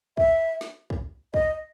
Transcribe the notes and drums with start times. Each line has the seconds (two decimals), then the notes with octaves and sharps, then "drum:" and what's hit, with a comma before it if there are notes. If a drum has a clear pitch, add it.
0.17 E5, drum: kick
0.61 drum: snare
0.90 drum: kick
1.34 D#5, drum: kick